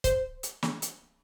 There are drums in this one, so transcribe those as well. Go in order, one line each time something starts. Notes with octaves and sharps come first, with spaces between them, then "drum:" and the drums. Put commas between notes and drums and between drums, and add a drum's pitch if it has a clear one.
C5, drum: kick, hi-hat
drum: hi-hat
drum: snare
drum: hi-hat